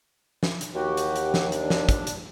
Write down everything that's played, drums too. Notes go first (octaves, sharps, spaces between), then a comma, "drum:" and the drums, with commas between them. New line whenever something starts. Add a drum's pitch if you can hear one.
drum: snare
drum: hi-hat
D#2 F#4 G4
drum: hi-hat
drum: hi-hat
drum: snare
D4, drum: hi-hat
drum: snare
drum: kick, hi-hat
drum: hi-hat